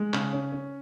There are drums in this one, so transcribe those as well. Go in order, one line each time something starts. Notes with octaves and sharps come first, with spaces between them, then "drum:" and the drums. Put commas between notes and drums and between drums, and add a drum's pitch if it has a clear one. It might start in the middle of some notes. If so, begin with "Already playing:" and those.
Already playing: G#3
C#3, drum: clap
C#4
C#4